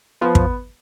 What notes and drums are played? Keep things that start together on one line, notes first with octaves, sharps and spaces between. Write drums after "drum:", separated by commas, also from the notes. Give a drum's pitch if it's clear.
F3 B3
drum: kick